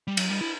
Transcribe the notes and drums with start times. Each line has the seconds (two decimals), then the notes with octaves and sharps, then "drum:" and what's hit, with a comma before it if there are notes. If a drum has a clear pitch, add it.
0.07 G3
0.17 F#3, drum: cymbal
0.30 G3
0.41 E4